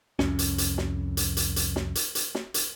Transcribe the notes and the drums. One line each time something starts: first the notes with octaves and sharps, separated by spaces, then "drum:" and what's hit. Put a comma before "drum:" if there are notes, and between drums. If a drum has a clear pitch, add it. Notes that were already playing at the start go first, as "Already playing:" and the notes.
C2 F2 C#4, drum: snare
drum: hi-hat
drum: hi-hat
drum: snare
drum: hi-hat
drum: hi-hat
drum: hi-hat
drum: snare
drum: hi-hat
drum: hi-hat
drum: snare
drum: hi-hat